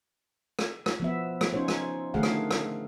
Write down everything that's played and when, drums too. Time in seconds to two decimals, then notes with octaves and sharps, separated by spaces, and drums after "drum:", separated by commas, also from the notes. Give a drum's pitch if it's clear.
0.59 drum: rim click
0.86 drum: rim click
1.00 F3 B3 E5
1.41 drum: rim click
1.53 C#4 D#4 F4 C5 C#5
1.68 drum: rim click
2.14 D3 D#3 A3 G#4 F5 F#5
2.23 drum: rim click
2.51 drum: rim click